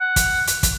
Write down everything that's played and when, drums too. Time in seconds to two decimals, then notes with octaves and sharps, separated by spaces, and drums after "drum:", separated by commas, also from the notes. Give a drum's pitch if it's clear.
0.01 F#5
0.16 drum: kick, hi-hat
0.47 drum: hi-hat
0.63 drum: kick, hi-hat